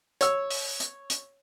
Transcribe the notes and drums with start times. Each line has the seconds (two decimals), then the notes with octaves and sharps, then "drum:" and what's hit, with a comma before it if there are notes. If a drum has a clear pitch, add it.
0.21 C#5 E6, drum: hi-hat
0.50 drum: open hi-hat
0.80 drum: hi-hat
1.10 drum: hi-hat